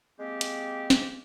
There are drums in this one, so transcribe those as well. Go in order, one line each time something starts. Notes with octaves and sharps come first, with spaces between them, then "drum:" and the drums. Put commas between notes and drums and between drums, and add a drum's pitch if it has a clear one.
G#3 A#3 C4 G4
drum: hi-hat
drum: snare